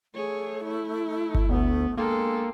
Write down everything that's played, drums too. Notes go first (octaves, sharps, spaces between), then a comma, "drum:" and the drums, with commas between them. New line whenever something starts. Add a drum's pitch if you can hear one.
A3 G#4 C#5
E4
drum: kick G1
D2 B3
G#3 A#3 D4 A4 G5 C6